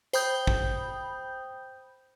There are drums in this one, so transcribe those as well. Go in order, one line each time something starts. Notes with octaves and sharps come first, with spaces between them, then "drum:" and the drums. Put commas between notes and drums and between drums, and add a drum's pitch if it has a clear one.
C5 G5 B5 D#6 G6, drum: tambourine
drum: kick